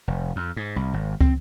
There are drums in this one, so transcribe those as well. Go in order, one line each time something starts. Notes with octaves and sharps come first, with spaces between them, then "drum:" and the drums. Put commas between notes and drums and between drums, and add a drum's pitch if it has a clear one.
F1
F2
G#2
C2
G#1
C4, drum: kick